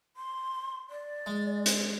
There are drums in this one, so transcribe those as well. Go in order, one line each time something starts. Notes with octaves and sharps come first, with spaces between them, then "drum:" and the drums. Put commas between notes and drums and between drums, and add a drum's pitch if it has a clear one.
C6
D5
G#3
drum: hi-hat